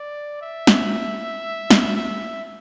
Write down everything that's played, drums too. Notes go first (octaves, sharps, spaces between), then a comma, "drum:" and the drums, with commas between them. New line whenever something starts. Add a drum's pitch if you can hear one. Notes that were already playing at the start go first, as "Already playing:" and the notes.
Already playing: D5
E5
drum: snare
drum: snare
E5